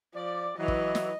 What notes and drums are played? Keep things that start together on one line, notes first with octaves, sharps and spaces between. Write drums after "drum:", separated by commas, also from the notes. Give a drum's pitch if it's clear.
F3 D5
E3 F#3 D#5
drum: kick
drum: snare